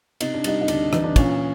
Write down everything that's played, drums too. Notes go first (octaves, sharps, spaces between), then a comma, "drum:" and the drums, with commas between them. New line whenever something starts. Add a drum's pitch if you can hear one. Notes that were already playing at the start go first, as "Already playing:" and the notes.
C3 D#4, drum: cymbal
D4
G3 D#4, drum: cymbal
D#4
D2 D4, drum: cymbal
E3 D#4, drum: rim click
D4
A#2 C#4, drum: kick, cymbal